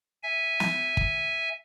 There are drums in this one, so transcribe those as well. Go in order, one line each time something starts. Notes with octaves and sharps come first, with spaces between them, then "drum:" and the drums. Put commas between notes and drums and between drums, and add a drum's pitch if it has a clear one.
E5 G#5
drum: snare
drum: kick